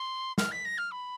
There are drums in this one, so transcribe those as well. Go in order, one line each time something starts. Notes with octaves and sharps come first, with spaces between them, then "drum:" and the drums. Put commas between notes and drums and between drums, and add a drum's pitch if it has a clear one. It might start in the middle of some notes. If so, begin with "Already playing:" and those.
Already playing: C6
F6, drum: snare
B6
A#6
F6
B5